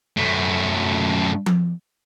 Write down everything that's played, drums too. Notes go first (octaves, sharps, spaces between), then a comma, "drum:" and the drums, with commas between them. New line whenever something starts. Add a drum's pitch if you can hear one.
F#2 A3
drum: tom F3